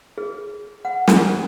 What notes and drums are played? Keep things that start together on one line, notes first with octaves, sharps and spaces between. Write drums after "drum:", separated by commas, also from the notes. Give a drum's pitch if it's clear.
G#4
F#5
drum: snare